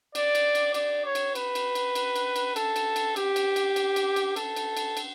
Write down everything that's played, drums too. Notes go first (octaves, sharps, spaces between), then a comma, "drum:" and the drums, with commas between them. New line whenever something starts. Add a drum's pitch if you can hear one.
D5, drum: cymbal
drum: cymbal
drum: cymbal
D5, drum: cymbal
C#5
drum: cymbal
B4, drum: cymbal
drum: cymbal
drum: cymbal
drum: cymbal
drum: cymbal
drum: cymbal
A4, drum: cymbal
drum: cymbal
drum: cymbal
G4, drum: cymbal
drum: cymbal
drum: cymbal
drum: cymbal
drum: cymbal
drum: cymbal
A4, drum: cymbal
drum: cymbal
drum: cymbal
drum: cymbal